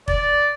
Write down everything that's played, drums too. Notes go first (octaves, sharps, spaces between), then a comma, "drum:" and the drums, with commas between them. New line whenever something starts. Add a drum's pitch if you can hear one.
D5, drum: kick